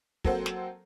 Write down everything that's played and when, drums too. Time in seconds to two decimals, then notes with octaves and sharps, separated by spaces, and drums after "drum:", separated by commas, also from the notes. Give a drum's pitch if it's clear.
0.24 F#3 A#3 C4 A4 C5 F#5, drum: kick
0.46 drum: snare